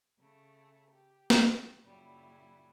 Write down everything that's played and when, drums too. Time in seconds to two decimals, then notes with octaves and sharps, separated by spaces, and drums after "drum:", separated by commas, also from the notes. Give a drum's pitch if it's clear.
0.19 C#3 A3
0.90 G4
1.30 drum: snare
1.84 F#2 A#2 C#3 F#3 G3 E4